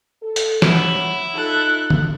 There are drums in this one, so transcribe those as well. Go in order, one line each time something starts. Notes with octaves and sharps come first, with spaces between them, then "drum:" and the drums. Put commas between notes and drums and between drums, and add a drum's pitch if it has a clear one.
A4
drum: hi-hat
E4 C#5 F#5, drum: snare
D#4 F4 A4 F#6
drum: tom